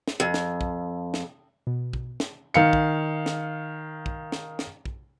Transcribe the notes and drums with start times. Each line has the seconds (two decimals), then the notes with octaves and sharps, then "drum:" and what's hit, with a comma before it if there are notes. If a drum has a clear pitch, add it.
0.08 drum: snare
0.20 F2
0.34 drum: snare
0.61 drum: kick
1.14 drum: snare
1.67 B2
1.93 drum: kick
2.20 drum: snare
2.54 D#3 F5 C#7
2.73 drum: kick
3.26 drum: snare
4.06 drum: kick
4.32 drum: snare
4.59 drum: snare
4.85 drum: kick